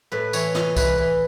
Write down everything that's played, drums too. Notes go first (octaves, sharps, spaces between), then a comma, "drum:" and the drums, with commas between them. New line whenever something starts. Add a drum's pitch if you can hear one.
A2 B4
E3 C#5, drum: tambourine
E3 D#5, drum: snare
E3 B4, drum: kick C2, tambourine
E3